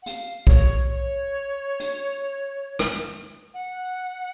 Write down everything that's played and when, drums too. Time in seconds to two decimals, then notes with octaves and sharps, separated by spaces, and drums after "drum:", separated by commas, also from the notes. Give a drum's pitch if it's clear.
0.02 F#5
0.06 F5, drum: hi-hat
0.47 C#5, drum: kick B1
0.90 C#5
1.80 drum: hi-hat
2.79 drum: rim click
3.54 F#5